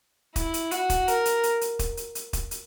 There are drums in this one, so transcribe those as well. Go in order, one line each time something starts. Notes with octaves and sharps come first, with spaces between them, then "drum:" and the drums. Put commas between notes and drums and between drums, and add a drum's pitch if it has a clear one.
E4, drum: kick, hi-hat
drum: hi-hat
F#4, drum: hi-hat
drum: kick, hi-hat
A#4, drum: hi-hat
drum: hi-hat
drum: hi-hat
drum: hi-hat
drum: kick, hi-hat
drum: hi-hat
drum: hi-hat
drum: kick, hi-hat
drum: hi-hat